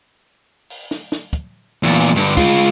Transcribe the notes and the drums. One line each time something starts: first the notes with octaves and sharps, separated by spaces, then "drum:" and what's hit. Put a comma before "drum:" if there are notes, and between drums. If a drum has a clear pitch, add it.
drum: open hi-hat
drum: snare
drum: snare
drum: kick, hi-hat
E2 A#2
drum: hi-hat
G2 D3, drum: hi-hat
G#3 F4, drum: kick, hi-hat